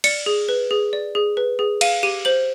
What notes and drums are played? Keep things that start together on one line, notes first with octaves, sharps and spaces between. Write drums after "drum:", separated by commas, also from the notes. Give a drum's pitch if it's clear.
D5 C#7, drum: cymbal
G#4
B4
G#4
D5
G#4
B4
G#4
F5 D#7, drum: cymbal
G4 D#7
C5 F#7